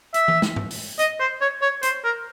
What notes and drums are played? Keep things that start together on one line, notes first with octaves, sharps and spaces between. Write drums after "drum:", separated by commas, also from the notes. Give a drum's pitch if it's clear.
E5, drum: hi-hat
drum: tom E3
drum: snare
drum: tom G#2
drum: open hi-hat
D#5, drum: hi-hat
C5
C#5
C#5
C5, drum: hi-hat
A#4